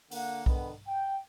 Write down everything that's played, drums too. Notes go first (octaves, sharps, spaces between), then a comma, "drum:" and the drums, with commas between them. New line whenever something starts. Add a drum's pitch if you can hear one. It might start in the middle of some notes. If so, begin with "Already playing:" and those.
D3 A#3 F#5, drum: open hi-hat
D3 D#3 B3, drum: kick B1
G5